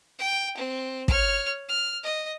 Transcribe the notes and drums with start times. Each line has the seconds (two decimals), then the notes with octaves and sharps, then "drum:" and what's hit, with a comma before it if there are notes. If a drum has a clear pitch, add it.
0.19 G5
0.57 C4
1.08 C#5 F6, drum: kick
1.69 F6
2.03 D#5